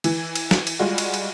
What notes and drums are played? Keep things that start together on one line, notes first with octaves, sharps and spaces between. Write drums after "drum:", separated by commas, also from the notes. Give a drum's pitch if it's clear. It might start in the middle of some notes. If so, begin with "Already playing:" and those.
E3, drum: cymbal
drum: cymbal
drum: snare
drum: cymbal
G3 G#3 F4 F#4
drum: cymbal
drum: cymbal